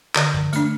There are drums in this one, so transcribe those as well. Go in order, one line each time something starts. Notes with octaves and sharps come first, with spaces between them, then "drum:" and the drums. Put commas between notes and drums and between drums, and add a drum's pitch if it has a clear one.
D3 D5, drum: clap
drum: tom
A3 D4, drum: hi-hat